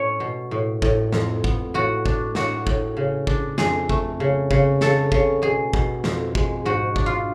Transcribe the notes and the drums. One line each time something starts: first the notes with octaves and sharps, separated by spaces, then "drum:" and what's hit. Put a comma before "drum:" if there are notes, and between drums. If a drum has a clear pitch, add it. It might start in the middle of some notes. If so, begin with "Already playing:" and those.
Already playing: A2 C#4 C#5
B2
A2
A2, drum: kick
F2, drum: snare
B3, drum: kick
A2 F#4
D4, drum: kick
A2 F#4, drum: snare
A2, drum: kick
C#3
D4, drum: kick
F2 G#4, drum: snare
A3, drum: kick
C#3
C#3, drum: kick
C#3 A4, drum: snare
C#3, drum: kick
B2 G#4
B2, drum: kick
F2, drum: snare
G#3, drum: kick
G#2 F#4
D4, drum: kick
F4